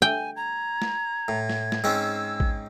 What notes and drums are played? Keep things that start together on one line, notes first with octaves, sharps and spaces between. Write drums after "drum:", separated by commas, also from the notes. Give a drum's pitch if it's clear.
G5 G#5
A#5 G#6
drum: snare
A2
drum: snare
drum: snare
G#2 C4 C#4 E6
drum: kick